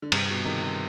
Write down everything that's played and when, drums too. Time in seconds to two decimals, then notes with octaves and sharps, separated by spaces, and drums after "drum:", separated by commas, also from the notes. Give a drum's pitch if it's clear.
0.02 D3
0.12 G2 C3, drum: cymbal
0.30 B2
0.45 C3 D#3
0.62 C3